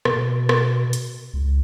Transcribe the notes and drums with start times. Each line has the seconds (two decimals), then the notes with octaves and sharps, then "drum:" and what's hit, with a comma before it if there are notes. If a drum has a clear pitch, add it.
0.05 B2, drum: rim click
0.49 drum: rim click
0.93 drum: hi-hat
1.34 C#2